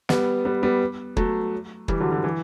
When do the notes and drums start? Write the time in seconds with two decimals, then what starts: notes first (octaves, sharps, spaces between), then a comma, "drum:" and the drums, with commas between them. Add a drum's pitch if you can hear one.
0.09 G3 B3, drum: snare
0.45 G3 B3
0.63 G3 B3
1.17 F#3 A3, drum: kick
1.88 E3 G3, drum: kick
2.00 D3 F#3
2.12 D3 F#3
2.24 E3